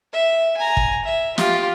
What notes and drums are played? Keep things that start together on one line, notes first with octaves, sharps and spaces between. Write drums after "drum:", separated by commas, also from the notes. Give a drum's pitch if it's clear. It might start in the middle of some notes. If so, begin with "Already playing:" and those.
E5
G#5 A#5
drum: kick
E5
F4 G4, drum: snare